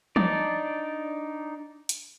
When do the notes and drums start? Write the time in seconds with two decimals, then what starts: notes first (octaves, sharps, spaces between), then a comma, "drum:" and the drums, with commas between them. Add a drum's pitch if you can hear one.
0.16 D4 D#4 D5, drum: tom
1.89 drum: hi-hat